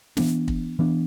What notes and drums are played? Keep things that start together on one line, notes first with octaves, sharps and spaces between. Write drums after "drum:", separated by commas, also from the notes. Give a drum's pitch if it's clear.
E3 B3 D4, drum: snare
drum: kick
E3 B3 D4